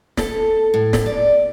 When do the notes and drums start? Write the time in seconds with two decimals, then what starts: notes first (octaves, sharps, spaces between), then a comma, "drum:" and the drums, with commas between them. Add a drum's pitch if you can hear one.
0.17 A4, drum: snare
0.74 A2
0.93 drum: snare
1.06 D5